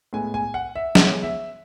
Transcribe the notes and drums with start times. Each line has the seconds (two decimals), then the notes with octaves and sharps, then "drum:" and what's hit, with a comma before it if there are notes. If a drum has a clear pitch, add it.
0.13 A2 G#3 B3 G#5
0.34 G#5
0.54 F#5
0.76 E5
0.95 C#3 E3 G#3 B3 F#5, drum: snare
1.23 E5